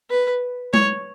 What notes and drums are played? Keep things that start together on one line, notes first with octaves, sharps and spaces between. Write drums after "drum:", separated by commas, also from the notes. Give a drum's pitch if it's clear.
B4
C#5, drum: tom G#3